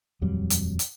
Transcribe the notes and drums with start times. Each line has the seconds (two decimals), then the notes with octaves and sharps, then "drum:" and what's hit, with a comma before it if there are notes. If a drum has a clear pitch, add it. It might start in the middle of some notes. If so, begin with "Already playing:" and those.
0.22 D#1 F2 F#3 G3
0.50 drum: hi-hat
0.79 drum: hi-hat